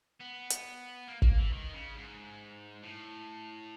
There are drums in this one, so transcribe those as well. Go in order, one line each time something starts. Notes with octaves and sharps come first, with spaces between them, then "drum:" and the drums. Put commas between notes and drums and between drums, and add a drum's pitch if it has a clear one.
B3
drum: hi-hat
A#3
A#3, drum: kick
E3
D#3
C#3
G#2
A2